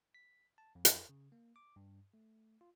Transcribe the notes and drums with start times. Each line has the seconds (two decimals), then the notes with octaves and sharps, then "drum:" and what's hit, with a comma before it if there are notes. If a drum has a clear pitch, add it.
0.15 B6
0.58 A5
0.75 F2
0.85 drum: hi-hat
1.09 C#3
1.32 A#3
1.56 D6
1.76 G2
2.14 A3
2.61 F4